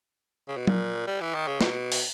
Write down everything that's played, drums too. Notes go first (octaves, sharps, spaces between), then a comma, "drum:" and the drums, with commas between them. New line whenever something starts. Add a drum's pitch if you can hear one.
C#3
B2
A#2, drum: tom F#3
G3
E3
D#3
C#3
B2, drum: snare
drum: open hi-hat